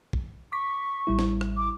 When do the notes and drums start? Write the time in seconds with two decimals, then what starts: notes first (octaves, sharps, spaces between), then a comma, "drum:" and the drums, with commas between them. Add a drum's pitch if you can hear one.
0.13 drum: kick
0.52 C#6 D6 B6
1.07 A1 G3 E4
1.19 drum: snare
1.41 drum: rim click
1.57 D6